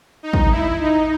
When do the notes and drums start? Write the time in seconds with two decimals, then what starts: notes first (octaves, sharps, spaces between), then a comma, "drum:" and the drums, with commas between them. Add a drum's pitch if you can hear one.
0.23 D#4
0.33 drum: kick
0.51 E4
0.80 D#4